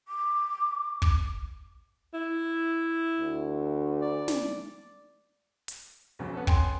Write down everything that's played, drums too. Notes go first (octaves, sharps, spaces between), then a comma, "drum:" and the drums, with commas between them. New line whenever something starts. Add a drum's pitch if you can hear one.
D6
drum: kick
E4
D2
D5
drum: snare
drum: hi-hat
B1 F2 C#3 F#3
B3 C#4 A4
G5 G#5 C6, drum: kick